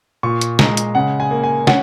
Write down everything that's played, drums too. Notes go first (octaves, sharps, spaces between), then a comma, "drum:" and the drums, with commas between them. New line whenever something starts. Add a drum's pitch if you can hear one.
A#2 C#6
drum: hi-hat
G#3 A#5, drum: snare
drum: hi-hat
C#3 F#5
G#5
A#3
G#5
C#4 F#5, drum: snare